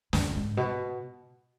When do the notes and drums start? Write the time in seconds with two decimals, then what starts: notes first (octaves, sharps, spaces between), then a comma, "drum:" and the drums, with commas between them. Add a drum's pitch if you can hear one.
0.13 F#2, drum: snare
0.20 E2
0.27 F#2
0.35 G#2
0.57 B2